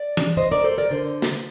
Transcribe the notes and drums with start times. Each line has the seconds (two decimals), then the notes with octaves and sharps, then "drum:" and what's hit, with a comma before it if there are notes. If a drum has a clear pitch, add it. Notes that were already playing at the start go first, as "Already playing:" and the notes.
Already playing: D5
0.17 drum: tom E3
0.37 C5 D#5
0.51 A#4 D5
0.64 A4 C5
0.78 A#4 D5
0.91 D3 C5
1.22 drum: snare